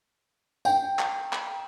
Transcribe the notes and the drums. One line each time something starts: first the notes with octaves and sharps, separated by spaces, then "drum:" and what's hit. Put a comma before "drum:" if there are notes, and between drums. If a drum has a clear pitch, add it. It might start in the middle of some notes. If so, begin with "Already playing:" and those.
G5, drum: tambourine
drum: clap
drum: clap